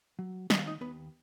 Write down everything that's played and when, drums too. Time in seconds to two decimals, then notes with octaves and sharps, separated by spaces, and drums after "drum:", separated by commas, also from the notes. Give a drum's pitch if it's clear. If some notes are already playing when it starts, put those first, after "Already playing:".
0.19 F#3
0.50 D#3 D#5, drum: snare
0.59 F5
0.67 D#4 D#5
0.81 D#2 B3 B4